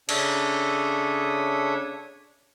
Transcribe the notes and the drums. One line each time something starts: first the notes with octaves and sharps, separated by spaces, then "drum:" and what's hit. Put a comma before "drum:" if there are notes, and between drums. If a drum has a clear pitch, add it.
C#3 D4 A4 C#5 E5 D#6, drum: cymbal